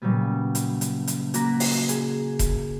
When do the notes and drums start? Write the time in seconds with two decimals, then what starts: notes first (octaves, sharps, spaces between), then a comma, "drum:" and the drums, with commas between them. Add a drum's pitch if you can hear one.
0.02 A#2 C#3 F#3 G3 B3
0.55 drum: hi-hat
0.81 drum: hi-hat
1.07 drum: hi-hat
1.34 A#3 F#4 A#4 A#5 F#6 B6, drum: hi-hat
1.60 drum: open hi-hat
1.89 G#4, drum: hi-hat
2.39 drum: kick E1, hi-hat